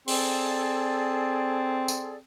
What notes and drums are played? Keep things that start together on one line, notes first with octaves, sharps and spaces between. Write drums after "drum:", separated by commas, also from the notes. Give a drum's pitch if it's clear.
C4 G#4 A4 D5, drum: open hi-hat
drum: tambourine